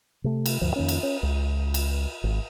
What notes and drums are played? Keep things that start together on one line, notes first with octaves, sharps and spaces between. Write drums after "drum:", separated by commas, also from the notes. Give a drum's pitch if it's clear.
C3 A3
drum: cymbal
D2 G2 F3
F2 D#3 A#3 C#4
drum: cymbal
C#4
C#2
drum: cymbal
G#1